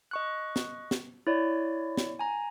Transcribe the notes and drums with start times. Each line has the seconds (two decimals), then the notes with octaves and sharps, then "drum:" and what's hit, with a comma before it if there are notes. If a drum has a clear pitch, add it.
0.11 D#5 C#6 F#6
0.56 drum: snare
0.91 drum: snare
1.27 E4 C#5 D5
1.97 drum: snare
2.19 G#5 A#5